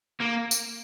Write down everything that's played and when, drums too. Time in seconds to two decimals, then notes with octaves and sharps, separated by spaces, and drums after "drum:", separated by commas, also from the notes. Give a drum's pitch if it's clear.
0.21 A#3
0.51 drum: tambourine